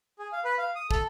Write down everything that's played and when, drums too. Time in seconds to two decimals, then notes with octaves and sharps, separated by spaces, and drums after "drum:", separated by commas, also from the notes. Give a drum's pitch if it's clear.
0.19 G#4
0.32 F5
0.44 B4
0.58 F5
0.76 D#6
0.91 A4, drum: kick